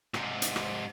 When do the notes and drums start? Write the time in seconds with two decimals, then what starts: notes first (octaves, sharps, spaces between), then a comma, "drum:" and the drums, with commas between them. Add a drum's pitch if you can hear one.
0.14 G#2 C3, drum: rim click
0.42 drum: hi-hat
0.56 drum: rim click